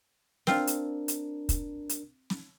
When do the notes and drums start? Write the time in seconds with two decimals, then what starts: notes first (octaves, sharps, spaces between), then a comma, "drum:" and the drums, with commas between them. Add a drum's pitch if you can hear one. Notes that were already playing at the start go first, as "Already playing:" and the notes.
0.47 C4 D4 F4 A#4, drum: snare
0.67 drum: hi-hat
1.08 drum: hi-hat
1.49 drum: kick, hi-hat
1.89 drum: hi-hat
2.30 drum: snare